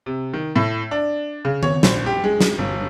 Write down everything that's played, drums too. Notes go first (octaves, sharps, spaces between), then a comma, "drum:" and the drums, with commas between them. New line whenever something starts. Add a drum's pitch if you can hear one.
C3
D#3
A2
D4
C#3
C#5, drum: tom D#3
A#1, drum: snare
G4
G#3
drum: snare
G1